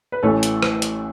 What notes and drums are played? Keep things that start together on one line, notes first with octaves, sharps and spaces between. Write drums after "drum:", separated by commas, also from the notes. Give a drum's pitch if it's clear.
B4
A1 A2 E3 A4 C#5
drum: hi-hat
drum: rim click
drum: hi-hat